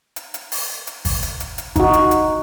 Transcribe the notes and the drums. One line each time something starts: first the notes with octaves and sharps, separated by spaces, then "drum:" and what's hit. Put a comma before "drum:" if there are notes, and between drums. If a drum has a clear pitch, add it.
drum: hi-hat
drum: hi-hat
drum: open hi-hat
drum: hi-hat
drum: kick, open hi-hat
drum: hi-hat
drum: hi-hat
drum: hi-hat
D#4 F#4, drum: kick, hi-hat
drum: hi-hat
drum: hi-hat